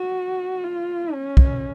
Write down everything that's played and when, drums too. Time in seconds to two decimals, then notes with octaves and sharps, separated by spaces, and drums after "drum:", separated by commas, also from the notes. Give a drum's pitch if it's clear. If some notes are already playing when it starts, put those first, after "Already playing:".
Already playing: F#4
0.64 F4
1.13 C#4
1.37 drum: kick